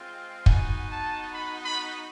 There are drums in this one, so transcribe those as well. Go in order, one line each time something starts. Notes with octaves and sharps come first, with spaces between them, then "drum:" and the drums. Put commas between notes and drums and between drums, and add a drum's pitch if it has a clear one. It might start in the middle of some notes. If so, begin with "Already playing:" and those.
Already playing: G#3 C4 F4
B3 D#4 F#4 G#5, drum: kick
A5
B5
B5